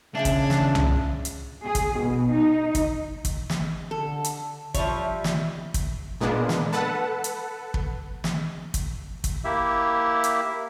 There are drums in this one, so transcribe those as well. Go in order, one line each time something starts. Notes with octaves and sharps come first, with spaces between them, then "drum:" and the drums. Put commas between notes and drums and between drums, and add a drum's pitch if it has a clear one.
C#3 F3 G#3 D4 E4
drum: kick, hi-hat
drum: snare
drum: tom C2
drum: hi-hat
G#4
drum: kick, hi-hat
B2
D#4
drum: kick, hi-hat
drum: kick, hi-hat
drum: snare
D3 A4
drum: hi-hat
F3 G3 C#5 E5, drum: kick, hi-hat
drum: snare
drum: kick, hi-hat
A#2 G#3 A#3 B3 D4
drum: snare
A4 B4 F#5 A5
drum: hi-hat
drum: kick
drum: snare
drum: kick, hi-hat
drum: kick, hi-hat
A#3 E4 G4 E5
drum: hi-hat